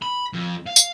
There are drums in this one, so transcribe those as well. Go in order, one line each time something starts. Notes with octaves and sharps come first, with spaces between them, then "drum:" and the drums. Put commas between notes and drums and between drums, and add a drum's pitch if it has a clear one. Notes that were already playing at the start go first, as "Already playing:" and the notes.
B5
F2
F5
drum: tambourine